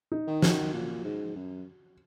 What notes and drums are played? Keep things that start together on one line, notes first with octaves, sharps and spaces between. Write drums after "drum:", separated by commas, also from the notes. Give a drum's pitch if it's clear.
D#4
D#3
F#4, drum: snare
A#2
G#2
F#2